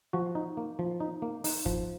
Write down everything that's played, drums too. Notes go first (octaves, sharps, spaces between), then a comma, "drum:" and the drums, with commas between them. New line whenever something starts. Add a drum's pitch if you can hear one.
F3 F#4
D#4
A#3
F3
D#4
A#3
D#4, drum: open hi-hat
F3, drum: kick